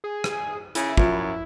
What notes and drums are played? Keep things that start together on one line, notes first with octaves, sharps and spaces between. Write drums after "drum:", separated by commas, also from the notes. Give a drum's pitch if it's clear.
G#4
drum: rim click
C#3 E4, drum: hi-hat
F#2 F3, drum: kick